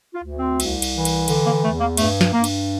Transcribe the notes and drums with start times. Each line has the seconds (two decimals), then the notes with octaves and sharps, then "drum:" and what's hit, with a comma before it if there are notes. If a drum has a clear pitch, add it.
0.14 F4
0.24 D2
0.36 C4
0.60 C2, drum: cymbal
0.82 drum: cymbal
0.94 E3
1.05 drum: cymbal
1.28 D3, drum: cymbal
1.45 A#3
1.63 E2 A3
1.80 A#3
1.97 G2 A3, drum: cymbal
2.21 drum: snare
2.32 G2 A#3
2.44 drum: cymbal